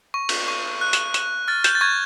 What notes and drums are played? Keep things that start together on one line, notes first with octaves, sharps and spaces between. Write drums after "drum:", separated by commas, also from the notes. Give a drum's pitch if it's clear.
C#6
drum: cymbal
C#6
F#6
drum: hi-hat
C#6, drum: hi-hat
F6 A6
G6, drum: hi-hat
A6
C#6 G#6